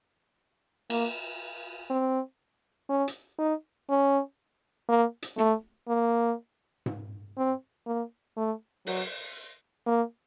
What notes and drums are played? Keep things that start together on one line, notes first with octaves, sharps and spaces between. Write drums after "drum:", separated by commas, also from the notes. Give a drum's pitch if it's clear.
A#3, drum: cymbal
C4
C#4
drum: hi-hat
D#4
C#4
A#3
drum: hi-hat
A3, drum: snare
A#3
drum: tom G#2
C4
A#3
A3
F#3, drum: open hi-hat
A#3